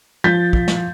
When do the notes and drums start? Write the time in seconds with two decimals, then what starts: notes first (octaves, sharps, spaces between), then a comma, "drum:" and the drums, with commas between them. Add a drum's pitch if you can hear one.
0.24 F3 G6 A6 B6
0.53 drum: kick
0.68 drum: snare